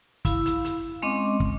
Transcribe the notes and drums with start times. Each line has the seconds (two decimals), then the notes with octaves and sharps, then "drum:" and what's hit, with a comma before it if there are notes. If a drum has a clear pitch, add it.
0.25 E4 F5 B5 E6, drum: kick, hi-hat
0.46 drum: hi-hat
0.65 drum: hi-hat
1.02 G#3 C4 C#4 D#5 D6
1.40 drum: kick